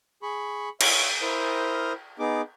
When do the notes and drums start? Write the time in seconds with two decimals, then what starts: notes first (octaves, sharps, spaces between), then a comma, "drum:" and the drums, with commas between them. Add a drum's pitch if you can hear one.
0.22 G#4 B5 C#6
0.81 C#5 E5 F5 C6, drum: cymbal
1.22 E4 A#4 C5 D#6 F6 G6
2.19 B3 D#4 G#4 D6